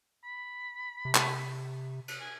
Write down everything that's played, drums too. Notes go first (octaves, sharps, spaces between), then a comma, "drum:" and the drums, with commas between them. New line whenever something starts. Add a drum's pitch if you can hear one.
B5
C3
drum: clap
drum: cymbal
G#5